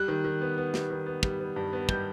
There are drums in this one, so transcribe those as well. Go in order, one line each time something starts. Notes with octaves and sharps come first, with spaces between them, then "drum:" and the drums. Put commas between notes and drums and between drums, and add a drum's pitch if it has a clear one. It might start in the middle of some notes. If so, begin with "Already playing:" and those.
Already playing: G3 F#6
D#3
D#3
B3
B3
G3, drum: snare
D#3
B3
G3, drum: kick
B3
G2
B3
G3 G6, drum: kick